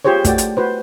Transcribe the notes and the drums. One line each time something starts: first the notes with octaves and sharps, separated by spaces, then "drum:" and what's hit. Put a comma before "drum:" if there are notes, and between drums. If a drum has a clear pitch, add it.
F4 G4 G#4 C5 C#5
A3 F#4 D5 G5, drum: kick, hi-hat
drum: hi-hat
F#4 B4 C5